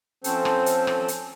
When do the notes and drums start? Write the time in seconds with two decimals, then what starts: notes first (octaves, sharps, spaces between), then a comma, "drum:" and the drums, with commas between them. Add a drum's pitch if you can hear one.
0.24 F3 C4 C#4 A4 C5, drum: hi-hat
0.45 drum: rim click
0.66 drum: hi-hat
0.87 drum: rim click
1.08 drum: hi-hat